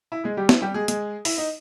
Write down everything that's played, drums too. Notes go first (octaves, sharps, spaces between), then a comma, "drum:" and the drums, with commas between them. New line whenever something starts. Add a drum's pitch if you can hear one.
E4
G#3 G#4
G3 G4
E4, drum: snare
G3 G4
G#3 G#4
G#3 G#4, drum: hi-hat
E4, drum: open hi-hat
D#4